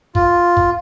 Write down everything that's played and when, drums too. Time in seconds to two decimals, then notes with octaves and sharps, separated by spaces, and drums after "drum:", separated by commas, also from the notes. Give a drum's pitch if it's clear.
0.15 F4, drum: kick
0.57 drum: kick